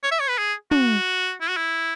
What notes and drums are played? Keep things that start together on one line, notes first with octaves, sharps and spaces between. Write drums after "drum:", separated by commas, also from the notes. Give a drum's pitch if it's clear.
C#5
E5
C#5
B4
G#4
F#4, drum: tom
E4
F#4
E4